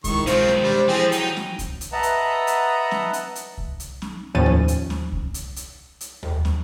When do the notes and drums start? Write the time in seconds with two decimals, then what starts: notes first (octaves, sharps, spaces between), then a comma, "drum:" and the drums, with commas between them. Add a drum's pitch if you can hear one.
0.04 D#3 G#3 E4 C#6, drum: kick C2, hi-hat
0.27 B2 D#3 G#3 C4 F4 C5, drum: hi-hat
0.48 drum: snare
0.63 G3 D4
0.88 E3 F3 C4 G4 G#4
1.12 F#3 D#4 G5, drum: hi-hat
1.37 drum: snare
1.59 drum: kick C2, hi-hat
1.81 drum: hi-hat
1.92 B4 D#5 E5 F#5 A5 A#5
2.03 drum: hi-hat
2.47 drum: hi-hat
2.91 drum: snare
3.13 drum: hi-hat
3.35 drum: hi-hat
3.58 drum: kick C2
3.80 drum: hi-hat
4.02 drum: snare
4.35 D#2 A2 F3 C#4 A6 D#7
4.46 drum: tom D#2
4.68 drum: hi-hat
4.90 drum: snare
5.12 drum: kick C2
5.34 drum: hi-hat
5.56 drum: hi-hat
6.01 drum: hi-hat
6.23 drum: tom D#2
6.45 drum: snare